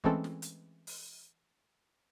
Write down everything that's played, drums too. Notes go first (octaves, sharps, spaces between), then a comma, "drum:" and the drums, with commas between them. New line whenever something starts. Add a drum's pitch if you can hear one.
E3 G#3 A3 C4 C#4 A4, drum: kick
drum: snare
drum: hi-hat
drum: open hi-hat